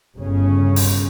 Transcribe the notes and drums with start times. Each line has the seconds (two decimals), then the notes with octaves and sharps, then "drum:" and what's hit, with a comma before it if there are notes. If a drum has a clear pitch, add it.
0.16 G1 C#3 C#4
0.76 drum: open hi-hat